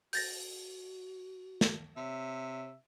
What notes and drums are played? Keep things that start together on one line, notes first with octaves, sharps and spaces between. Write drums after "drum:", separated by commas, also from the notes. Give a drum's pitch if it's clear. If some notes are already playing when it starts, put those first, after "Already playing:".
F#4 G6 A6 A#6, drum: open hi-hat
drum: snare
C3 C#5 E5